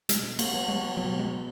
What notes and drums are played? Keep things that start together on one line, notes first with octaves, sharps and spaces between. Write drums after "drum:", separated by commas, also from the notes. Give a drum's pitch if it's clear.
B2 G#3, drum: hi-hat
A#3, drum: cymbal
F#3 B3 F#4
G#3
B2 F#3
G#3